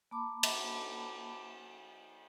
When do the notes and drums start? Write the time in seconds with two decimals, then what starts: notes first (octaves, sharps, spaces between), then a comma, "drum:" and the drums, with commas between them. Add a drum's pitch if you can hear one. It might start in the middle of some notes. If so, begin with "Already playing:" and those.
0.11 A#3 A5 B5 D6
0.43 drum: cymbal